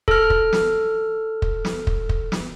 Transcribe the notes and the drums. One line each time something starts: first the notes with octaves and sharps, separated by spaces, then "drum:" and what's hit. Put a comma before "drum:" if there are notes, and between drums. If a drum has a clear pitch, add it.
A4 F6, drum: kick
drum: kick
drum: snare
drum: kick
drum: snare
drum: kick
drum: kick
drum: snare